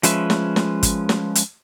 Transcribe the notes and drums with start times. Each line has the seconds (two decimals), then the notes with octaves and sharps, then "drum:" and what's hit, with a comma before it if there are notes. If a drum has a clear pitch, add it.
0.03 F3 G#3 C#4 B4 E5, drum: hi-hat
0.30 drum: snare
0.56 drum: snare
0.83 drum: kick, hi-hat
1.09 drum: snare
1.35 drum: hi-hat